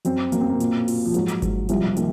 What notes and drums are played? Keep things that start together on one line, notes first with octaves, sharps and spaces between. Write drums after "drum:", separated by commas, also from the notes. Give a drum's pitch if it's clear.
F#2 C4, drum: hi-hat
F#2 A#3, drum: hi-hat
C4
A#3
A#2, drum: hi-hat
F4, drum: open hi-hat
F3
G#2 F#3, drum: hi-hat
drum: hi-hat
G#2, drum: kick G1, hi-hat
C2 F3, drum: hi-hat
F3
D#3 A#3, drum: hi-hat